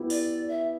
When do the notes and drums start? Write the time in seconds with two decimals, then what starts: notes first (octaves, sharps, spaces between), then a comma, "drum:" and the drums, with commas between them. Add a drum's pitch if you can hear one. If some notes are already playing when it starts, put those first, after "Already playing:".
Already playing: B3 E4 G4
0.10 D5, drum: open hi-hat
0.49 E5